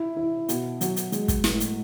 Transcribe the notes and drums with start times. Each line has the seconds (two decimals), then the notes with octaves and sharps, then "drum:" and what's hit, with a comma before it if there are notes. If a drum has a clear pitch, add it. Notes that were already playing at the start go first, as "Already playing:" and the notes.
Already playing: E4
0.17 E4
0.49 B2, drum: hi-hat
0.81 F#3, drum: hi-hat
0.96 drum: hi-hat
1.12 G#3, drum: hi-hat
1.28 drum: kick, hi-hat
1.44 A2, drum: snare
1.60 drum: hi-hat